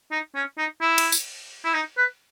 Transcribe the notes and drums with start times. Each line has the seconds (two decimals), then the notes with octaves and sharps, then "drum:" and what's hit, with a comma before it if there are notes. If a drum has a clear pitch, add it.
0.11 D#4
0.35 C#4
0.58 D#4
0.81 E4
0.98 drum: cymbal
1.12 drum: tambourine
1.65 E4
1.74 D#4
1.97 B4